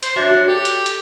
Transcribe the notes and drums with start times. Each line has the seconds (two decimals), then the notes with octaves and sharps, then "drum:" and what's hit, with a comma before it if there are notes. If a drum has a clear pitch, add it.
0.03 C5, drum: hi-hat
0.16 D4 F#4 C#5 E5
0.31 F#4 C#5
0.48 G4 A4
0.65 drum: hi-hat
0.86 drum: hi-hat